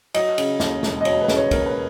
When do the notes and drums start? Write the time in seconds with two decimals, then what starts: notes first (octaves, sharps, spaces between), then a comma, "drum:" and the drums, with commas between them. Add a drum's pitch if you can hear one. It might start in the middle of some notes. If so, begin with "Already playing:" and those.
0.14 F#3 D#5, drum: cymbal
0.38 C#3, drum: cymbal
0.60 D#2, drum: snare
0.83 E1, drum: snare
1.01 D#5
1.05 F#3 C#5, drum: cymbal
1.21 B4
1.28 C#3, drum: snare
1.36 C#5
1.51 D#2 A#4, drum: kick, cymbal
1.66 B4